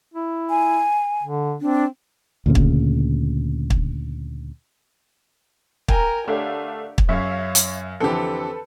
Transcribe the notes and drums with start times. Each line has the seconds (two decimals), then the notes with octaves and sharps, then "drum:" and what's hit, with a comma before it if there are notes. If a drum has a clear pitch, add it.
0.14 E4
0.50 G#5
1.23 D3
1.61 C4 D4
2.46 D2 A#2 C#3
2.55 drum: kick
3.70 drum: kick
5.88 A#4 G5 G#5 A#5, drum: kick
6.28 D3 A3 D4 G4 C#5 F5
6.98 drum: kick
7.09 F#2 C#3 C#5 E5 F5 C#6
7.55 drum: hi-hat
8.00 F2 D3 E3 C4 G4 A4 B4